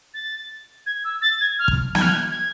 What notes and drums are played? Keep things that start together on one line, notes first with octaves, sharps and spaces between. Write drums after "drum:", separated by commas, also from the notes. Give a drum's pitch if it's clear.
A6
G#6
E6
A6
G#6
F6
drum: kick
G#6, drum: snare
F6
G#6
G#6